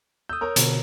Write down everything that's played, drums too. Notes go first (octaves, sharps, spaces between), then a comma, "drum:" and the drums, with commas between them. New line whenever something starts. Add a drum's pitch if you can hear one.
D#6 E6 G6
A#4 C#5 A#5
B2 D3, drum: hi-hat